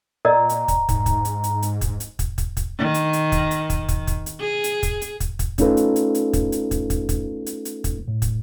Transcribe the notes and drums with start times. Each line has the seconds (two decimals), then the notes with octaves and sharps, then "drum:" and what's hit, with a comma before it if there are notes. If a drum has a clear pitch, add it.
0.25 A#2 A#4 D5 D#5 A#5
0.49 drum: hi-hat
0.68 drum: kick, hi-hat
0.89 G#2, drum: kick, hi-hat
1.06 drum: kick, hi-hat
1.25 drum: hi-hat
1.44 drum: hi-hat
1.62 drum: hi-hat
1.81 drum: kick, hi-hat
2.00 drum: hi-hat
2.19 drum: kick, hi-hat
2.38 drum: kick, hi-hat
2.57 drum: kick, hi-hat
2.79 D#3
2.94 drum: hi-hat
3.13 drum: hi-hat
3.32 drum: kick, hi-hat
3.51 drum: hi-hat
3.70 drum: kick, hi-hat
3.89 drum: kick, hi-hat
4.07 drum: kick, hi-hat
4.26 drum: hi-hat
4.40 G#4
4.64 drum: hi-hat
4.83 drum: kick, hi-hat
5.02 drum: hi-hat
5.20 drum: kick, hi-hat
5.39 drum: kick, hi-hat
5.58 A3 C#4 D#4 F4 A4 B4, drum: kick, hi-hat
5.77 drum: hi-hat
5.96 drum: hi-hat
6.15 drum: hi-hat
6.33 drum: kick, hi-hat
6.52 drum: hi-hat
6.71 drum: kick, hi-hat
6.90 drum: kick, hi-hat
7.09 drum: kick, hi-hat
7.46 drum: hi-hat
7.65 drum: hi-hat
7.84 drum: kick, hi-hat
8.08 A2
8.22 drum: kick, hi-hat